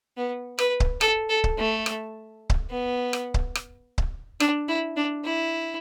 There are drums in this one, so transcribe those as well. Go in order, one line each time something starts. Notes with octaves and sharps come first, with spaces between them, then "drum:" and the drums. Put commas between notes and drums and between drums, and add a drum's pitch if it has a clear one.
B3
B4, drum: rim click
drum: kick C#1
A4, drum: rim click
A4
drum: kick C#1
A3
drum: rim click
drum: kick C#1
B3
drum: rim click
drum: kick C#1
drum: rim click
drum: kick C#1
D4, drum: rim click
E4
D4
E4